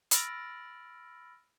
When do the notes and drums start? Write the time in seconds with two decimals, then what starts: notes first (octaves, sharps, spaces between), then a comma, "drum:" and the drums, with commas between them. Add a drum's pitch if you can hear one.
0.11 B5 E6 F6 A6 A#6 D7, drum: hi-hat